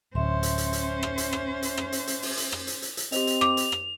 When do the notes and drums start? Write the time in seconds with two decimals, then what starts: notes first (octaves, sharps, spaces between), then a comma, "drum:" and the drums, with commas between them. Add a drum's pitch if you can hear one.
0.15 D1 C#4 C5 E5 C6
0.43 drum: hi-hat
0.58 drum: hi-hat
0.73 drum: hi-hat
1.03 drum: rim click
1.18 drum: hi-hat
1.33 drum: rim click
1.62 drum: hi-hat
1.77 drum: rim click
1.92 drum: hi-hat
2.07 drum: hi-hat
2.22 drum: open hi-hat
2.37 drum: hi-hat
2.52 drum: rim click
2.67 drum: hi-hat
2.82 drum: hi-hat
2.97 drum: hi-hat
3.12 C4 G4 C5 D#5 F7, drum: hi-hat
3.27 drum: hi-hat
3.41 D6, drum: rim click
3.57 drum: hi-hat
3.72 drum: rim click